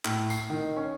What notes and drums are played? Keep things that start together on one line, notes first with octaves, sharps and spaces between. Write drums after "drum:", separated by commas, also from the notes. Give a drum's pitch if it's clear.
A2, drum: clap
C7, drum: tambourine
D#3
C#4